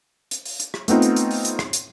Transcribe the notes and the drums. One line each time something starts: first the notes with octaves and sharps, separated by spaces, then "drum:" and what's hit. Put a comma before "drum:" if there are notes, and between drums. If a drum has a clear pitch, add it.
drum: hi-hat
drum: open hi-hat
drum: hi-hat
drum: rim click
A3 B3 C4 D#4 F4, drum: hi-hat
drum: hi-hat
drum: hi-hat
drum: open hi-hat
drum: hi-hat
drum: rim click
drum: hi-hat